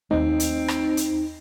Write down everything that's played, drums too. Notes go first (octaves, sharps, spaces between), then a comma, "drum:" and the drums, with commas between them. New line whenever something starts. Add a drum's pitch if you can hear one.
D#2 A3 C4 D#4
drum: hi-hat
drum: rim click
drum: hi-hat